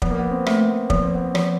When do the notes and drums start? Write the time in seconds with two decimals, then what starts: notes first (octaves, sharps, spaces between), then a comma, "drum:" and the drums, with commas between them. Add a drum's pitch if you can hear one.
0.02 F3 B3, drum: kick
0.10 A#3
0.19 B3
0.31 C4
0.46 A3, drum: rim click
0.60 B3
0.90 F3 B3, drum: kick
1.03 C4
1.15 B3
1.35 F3, drum: rim click